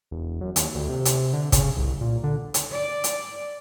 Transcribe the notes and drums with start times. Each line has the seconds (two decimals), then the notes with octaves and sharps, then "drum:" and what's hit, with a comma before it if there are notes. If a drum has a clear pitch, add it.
0.11 E1
0.41 F#2
0.56 D#2, drum: hi-hat
0.75 D2
0.89 C3
1.05 drum: hi-hat
1.33 D3
1.52 C#3, drum: kick, hi-hat
1.76 C2
2.01 A#2
2.23 D3
2.54 drum: hi-hat
2.73 D5
3.04 drum: hi-hat